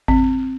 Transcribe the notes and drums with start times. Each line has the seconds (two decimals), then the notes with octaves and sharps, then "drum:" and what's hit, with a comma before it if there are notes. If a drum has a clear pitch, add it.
0.08 C4, drum: kick G#1